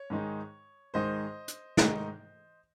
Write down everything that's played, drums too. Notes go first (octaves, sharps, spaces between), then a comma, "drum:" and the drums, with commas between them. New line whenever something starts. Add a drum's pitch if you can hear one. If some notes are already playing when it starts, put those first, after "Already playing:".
Already playing: C#5
G#2 D#3 G#3 D#4
G#2 D#3 G#3 D#4 C5 D#5
drum: hi-hat
G#2 D#3 G#3 D#4, drum: snare